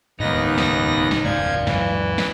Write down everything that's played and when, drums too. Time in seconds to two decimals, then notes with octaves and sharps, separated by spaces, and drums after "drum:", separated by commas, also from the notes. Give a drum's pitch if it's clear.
0.20 D#2 A2 C#3 G#3 B3 D#4 D#5 A#6
0.58 drum: snare
1.11 drum: snare
1.24 E1 G#2 C#3 F3 D5 F5 G#6
1.67 F#2 E3 F#3 G#3, drum: snare
2.18 drum: snare